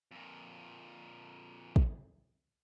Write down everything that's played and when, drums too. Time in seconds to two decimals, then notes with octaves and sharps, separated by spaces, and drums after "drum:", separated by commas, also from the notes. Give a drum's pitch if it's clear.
0.11 F2 A#2
1.76 drum: kick